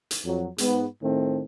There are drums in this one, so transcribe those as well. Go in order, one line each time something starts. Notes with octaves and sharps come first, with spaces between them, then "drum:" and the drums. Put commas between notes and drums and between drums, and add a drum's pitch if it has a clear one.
drum: hi-hat
F2 F#3
G#2 B3, drum: hi-hat
A2 D#3 A3 C4